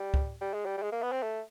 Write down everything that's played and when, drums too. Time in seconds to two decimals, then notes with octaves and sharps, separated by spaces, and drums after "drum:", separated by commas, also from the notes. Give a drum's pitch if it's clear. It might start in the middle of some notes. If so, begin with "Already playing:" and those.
Already playing: G3
0.14 drum: kick C#2
0.41 G3
0.54 G#3
0.66 G3
0.78 G3
0.83 G#3
0.92 A#3
1.02 B3
1.12 C4
1.23 A3